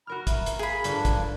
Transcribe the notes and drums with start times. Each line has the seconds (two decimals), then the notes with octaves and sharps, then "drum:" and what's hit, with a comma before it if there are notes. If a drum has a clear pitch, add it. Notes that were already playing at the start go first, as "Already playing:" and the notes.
0.07 F#4 A#4 B5 F6
0.27 E5, drum: kick, hi-hat
0.46 drum: hi-hat
0.59 G#4 F5 B5
0.84 G1 D4, drum: hi-hat
1.05 drum: kick, hi-hat